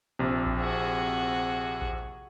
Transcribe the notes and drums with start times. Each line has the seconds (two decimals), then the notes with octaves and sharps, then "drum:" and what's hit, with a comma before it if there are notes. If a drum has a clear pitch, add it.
0.19 A#1 C3
0.46 drum: kick A1
0.58 F#4 G#4
1.82 drum: kick A1